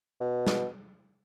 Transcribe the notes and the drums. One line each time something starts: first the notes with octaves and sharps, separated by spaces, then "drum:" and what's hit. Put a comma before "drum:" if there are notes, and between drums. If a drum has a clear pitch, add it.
B2
drum: snare